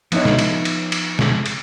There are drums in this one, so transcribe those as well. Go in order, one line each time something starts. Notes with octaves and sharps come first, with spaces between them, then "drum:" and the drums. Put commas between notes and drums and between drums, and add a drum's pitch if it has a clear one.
F3 B3 D#4 E4 C#5, drum: cymbal
drum: snare
drum: cymbal
drum: cymbal
drum: cymbal
drum: snare
drum: cymbal